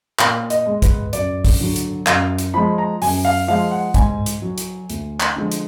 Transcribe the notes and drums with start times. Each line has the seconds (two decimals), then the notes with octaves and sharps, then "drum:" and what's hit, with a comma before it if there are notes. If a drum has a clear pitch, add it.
0.19 A#2 F5, drum: clap
0.50 D#5, drum: hi-hat
0.66 G#3
0.82 B4, drum: kick, hi-hat
1.13 F#2 D5, drum: hi-hat
1.45 drum: kick, open hi-hat
1.60 D3 F#3
1.76 drum: hi-hat
2.07 F#2 F5, drum: clap
2.38 drum: hi-hat
2.54 F3 G#3 B5
2.78 A#5
3.02 F#2 G#5, drum: open hi-hat
3.25 F5
3.48 F3 G#3 F5
3.71 F#5
3.94 G#2 G#5, drum: kick, hi-hat
4.26 drum: hi-hat
4.42 F#3
4.58 drum: hi-hat
4.90 D2, drum: hi-hat
5.20 drum: clap
5.36 D3 F3 G#3
5.52 drum: hi-hat